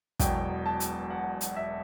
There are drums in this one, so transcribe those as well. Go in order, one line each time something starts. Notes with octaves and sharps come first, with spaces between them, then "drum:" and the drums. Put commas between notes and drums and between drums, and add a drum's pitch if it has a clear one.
E1 E2 B2 F#3 G5, drum: kick, hi-hat
A5
drum: hi-hat
F#5
drum: hi-hat
E5